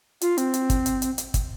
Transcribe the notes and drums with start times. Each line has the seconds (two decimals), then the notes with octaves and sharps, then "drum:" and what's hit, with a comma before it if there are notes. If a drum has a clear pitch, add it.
0.21 F4, drum: hi-hat
0.38 C4, drum: hi-hat
0.54 drum: hi-hat
0.70 drum: kick, hi-hat
0.86 drum: hi-hat
1.02 drum: hi-hat
1.18 drum: hi-hat
1.34 drum: kick, hi-hat